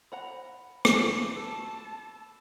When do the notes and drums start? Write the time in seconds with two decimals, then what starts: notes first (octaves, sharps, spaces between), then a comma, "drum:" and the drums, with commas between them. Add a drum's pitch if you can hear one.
0.12 C5 F#5 A#5 B5
0.85 drum: rim click
1.36 F#4 A5 E6